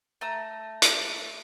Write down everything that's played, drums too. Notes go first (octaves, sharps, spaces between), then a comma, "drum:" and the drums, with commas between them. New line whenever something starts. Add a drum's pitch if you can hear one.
A3 A#5 E6
drum: hi-hat